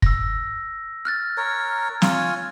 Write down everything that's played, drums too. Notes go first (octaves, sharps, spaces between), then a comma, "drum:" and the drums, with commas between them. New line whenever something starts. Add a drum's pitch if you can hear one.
E6 A#6, drum: kick
F6 F#6 A6
A#4 C#5
F4 C#5 G#5, drum: snare